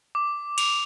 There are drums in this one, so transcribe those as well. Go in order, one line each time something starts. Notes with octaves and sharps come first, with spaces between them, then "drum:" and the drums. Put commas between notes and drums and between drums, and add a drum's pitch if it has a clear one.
D6
F7, drum: cymbal